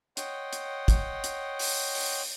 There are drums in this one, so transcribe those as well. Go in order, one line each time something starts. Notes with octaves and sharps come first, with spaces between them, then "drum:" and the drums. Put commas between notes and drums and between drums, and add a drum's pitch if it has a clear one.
C#5 D#5 F#5 G5 C6, drum: hi-hat
drum: hi-hat
drum: kick, hi-hat
drum: hi-hat
drum: open hi-hat
drum: open hi-hat